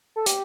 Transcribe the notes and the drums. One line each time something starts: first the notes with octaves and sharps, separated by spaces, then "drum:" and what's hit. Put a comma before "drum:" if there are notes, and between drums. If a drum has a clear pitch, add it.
A4
G4, drum: hi-hat